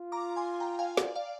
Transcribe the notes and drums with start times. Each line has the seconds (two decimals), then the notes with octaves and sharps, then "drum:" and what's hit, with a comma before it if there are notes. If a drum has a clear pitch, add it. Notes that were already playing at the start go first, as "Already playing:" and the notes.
Already playing: F4
0.12 A#5 D6
0.36 G#5 C6
0.60 G5 A#5
0.79 F5 G#5
0.97 D5, drum: snare
1.15 D5 F5